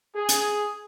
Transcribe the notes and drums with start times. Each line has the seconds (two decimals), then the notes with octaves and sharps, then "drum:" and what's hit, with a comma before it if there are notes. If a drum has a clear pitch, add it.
0.14 G#4
0.29 drum: hi-hat